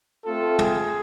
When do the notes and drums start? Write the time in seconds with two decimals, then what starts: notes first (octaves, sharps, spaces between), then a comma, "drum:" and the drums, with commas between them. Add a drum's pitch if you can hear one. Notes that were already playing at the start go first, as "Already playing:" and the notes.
0.24 A3 C4 F4 A4
0.59 G#4, drum: tom